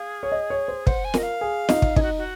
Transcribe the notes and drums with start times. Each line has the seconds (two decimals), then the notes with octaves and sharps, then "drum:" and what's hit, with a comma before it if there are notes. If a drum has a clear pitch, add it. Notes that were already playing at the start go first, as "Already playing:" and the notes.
Already playing: G#4 F5
0.23 C#5
0.32 D#5
0.50 C#5
0.68 C5
0.87 C5 F#5, drum: kick
1.05 G#5
1.14 A#4 D#5, drum: snare
1.23 F5
1.41 G#4
1.69 D#4, drum: snare
1.82 drum: kick
1.96 D#4 G#4, drum: kick
2.03 F#4
2.18 F#4